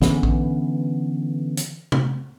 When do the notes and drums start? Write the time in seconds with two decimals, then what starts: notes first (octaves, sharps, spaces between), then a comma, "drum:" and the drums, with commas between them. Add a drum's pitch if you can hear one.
0.02 D3 E3 B3 C#4, drum: snare
0.23 drum: kick
1.57 drum: hi-hat
1.92 drum: tom C3